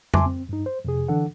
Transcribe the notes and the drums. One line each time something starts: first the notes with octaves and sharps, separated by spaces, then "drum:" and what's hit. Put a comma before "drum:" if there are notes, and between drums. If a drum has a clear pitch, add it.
E5 G#5 A5 C6 D6, drum: tom F2
C4
G2 D#4
C5
F2 C3 G#4
D3 E3 D4 A4 F#5